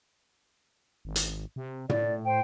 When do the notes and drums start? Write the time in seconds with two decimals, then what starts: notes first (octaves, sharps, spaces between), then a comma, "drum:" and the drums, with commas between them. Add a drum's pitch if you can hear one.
1.05 G#1
1.16 drum: hi-hat
1.56 C3
1.89 A2 D5, drum: tom
2.25 C5 G5